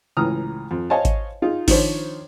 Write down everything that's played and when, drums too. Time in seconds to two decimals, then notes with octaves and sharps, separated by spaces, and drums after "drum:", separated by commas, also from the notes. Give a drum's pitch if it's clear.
0.17 C#2 A2 E3 A#5 D#6 F6
0.71 F2
0.90 C5 C#5 D#5 F5 G#5 A5
1.05 drum: kick G#1, hi-hat
1.42 D#4 F4 G#4
1.68 D#3 F3 D4 C5 C#5, drum: kick G#1, open hi-hat